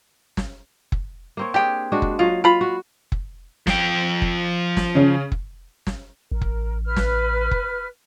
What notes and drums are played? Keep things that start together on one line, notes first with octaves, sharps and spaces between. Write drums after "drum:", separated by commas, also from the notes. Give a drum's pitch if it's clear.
drum: snare
drum: kick
A#3 C4 C#5
D4 G4 G#4 G5
G#3 D4 F#4
drum: kick
F#3 F4 C#5 D#5
F4 B5
F#4
drum: kick
F3 G5, drum: snare
drum: kick
drum: snare
C#3 C#4
drum: kick
drum: snare
A1 A#4
drum: kick
B4 F6
drum: snare
drum: kick